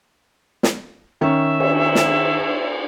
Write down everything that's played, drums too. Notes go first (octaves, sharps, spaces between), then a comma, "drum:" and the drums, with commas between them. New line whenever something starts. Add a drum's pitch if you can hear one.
drum: snare
D#3 C#4 E5
drum: cymbal
drum: snare